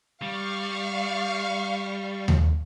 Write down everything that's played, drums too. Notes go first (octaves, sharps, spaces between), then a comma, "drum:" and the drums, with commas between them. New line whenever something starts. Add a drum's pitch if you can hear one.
G3 F5 C#6
drum: tom D#2